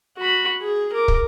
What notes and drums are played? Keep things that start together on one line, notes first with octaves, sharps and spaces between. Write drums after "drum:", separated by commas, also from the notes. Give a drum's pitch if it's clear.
F#4 B5
G#4
A#4 D6
drum: kick